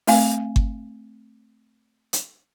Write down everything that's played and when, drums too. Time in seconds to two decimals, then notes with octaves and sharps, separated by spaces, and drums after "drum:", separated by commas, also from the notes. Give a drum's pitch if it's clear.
0.07 A3 C4 F5 G#5, drum: open hi-hat
0.56 drum: kick G1
2.13 drum: hi-hat